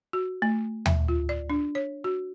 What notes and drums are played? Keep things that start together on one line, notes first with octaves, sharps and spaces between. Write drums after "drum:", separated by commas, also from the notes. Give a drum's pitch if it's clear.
F#4
A3
E5, drum: tom D#2
F4
D5
D4
C#5
F#4